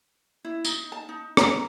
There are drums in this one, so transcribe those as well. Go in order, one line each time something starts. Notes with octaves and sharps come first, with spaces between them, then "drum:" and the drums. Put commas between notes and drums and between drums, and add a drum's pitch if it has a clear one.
E4
D#4, drum: tambourine
A5
D#4
A#5, drum: rim click